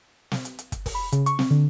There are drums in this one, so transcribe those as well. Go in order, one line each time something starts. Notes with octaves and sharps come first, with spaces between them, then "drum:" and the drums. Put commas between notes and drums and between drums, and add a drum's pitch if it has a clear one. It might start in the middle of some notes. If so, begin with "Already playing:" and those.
drum: snare
drum: hi-hat
drum: hi-hat
drum: kick, hi-hat
drum: kick, open hi-hat
B5
C#3, drum: hi-hat
C#6, drum: hi-hat
C4, drum: snare
D3